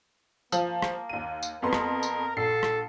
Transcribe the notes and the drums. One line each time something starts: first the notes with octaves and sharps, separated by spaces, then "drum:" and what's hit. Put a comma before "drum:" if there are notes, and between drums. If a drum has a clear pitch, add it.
F3 A#3, drum: tambourine
drum: rim click
D#2 D#7
drum: tambourine
F2 B3 A#4 C6
drum: rim click
drum: tambourine
A#1 A4 C7
drum: rim click